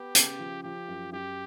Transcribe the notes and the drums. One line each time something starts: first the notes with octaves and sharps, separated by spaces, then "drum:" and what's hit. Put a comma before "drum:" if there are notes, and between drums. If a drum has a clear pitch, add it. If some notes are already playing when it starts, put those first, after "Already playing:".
Already playing: B3 G4
C#3, drum: hi-hat
F3
F3 G4
F#2
F#2 G4